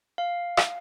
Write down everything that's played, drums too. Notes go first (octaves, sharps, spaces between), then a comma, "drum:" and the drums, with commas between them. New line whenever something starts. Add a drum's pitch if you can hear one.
F5
drum: rim click